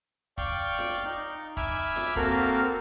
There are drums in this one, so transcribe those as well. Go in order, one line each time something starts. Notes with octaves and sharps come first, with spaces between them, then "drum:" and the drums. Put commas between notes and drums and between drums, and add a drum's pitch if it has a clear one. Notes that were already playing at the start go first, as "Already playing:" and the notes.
D5 F5 G5 C#6, drum: kick
drum: snare F4
D#4
E5 G#5 B5 D6 F6, drum: kick
drum: snare F4
A#3 C4 F#4 A4 A#4 F5, drum: kick